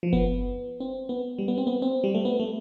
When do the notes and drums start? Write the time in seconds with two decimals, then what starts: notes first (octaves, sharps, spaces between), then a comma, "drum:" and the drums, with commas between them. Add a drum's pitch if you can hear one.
0.03 F3
0.13 B3, drum: kick F#1
0.80 C4
1.09 B3
1.38 G3
1.48 B3
1.58 C4
1.67 B3
1.82 C4
2.04 G3
2.15 A3
2.25 B3
2.39 A3